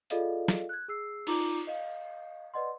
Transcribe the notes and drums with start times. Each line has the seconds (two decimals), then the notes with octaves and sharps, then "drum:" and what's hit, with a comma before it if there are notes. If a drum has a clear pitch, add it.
0.10 F4 G#4 A4 D5 D#5 F5, drum: hi-hat
0.48 drum: snare
0.69 F#6 G#6
0.88 G#4 E6 C7
1.27 D#4 F4 A#5 D6, drum: cymbal
1.67 D#5 F5
2.54 B4 D5 D#5 F#5 C6